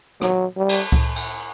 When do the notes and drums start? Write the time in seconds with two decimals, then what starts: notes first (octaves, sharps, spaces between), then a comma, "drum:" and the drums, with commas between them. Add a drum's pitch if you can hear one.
0.21 F#3, drum: rim click
0.57 G3
0.69 drum: cymbal
0.92 drum: kick C#2
1.16 drum: cymbal